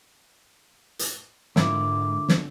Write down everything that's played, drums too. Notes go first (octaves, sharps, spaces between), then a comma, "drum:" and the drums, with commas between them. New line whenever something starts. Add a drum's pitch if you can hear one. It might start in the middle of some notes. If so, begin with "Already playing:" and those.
drum: hi-hat
G#2 D3 E4 F4 A#4 D6, drum: snare
drum: snare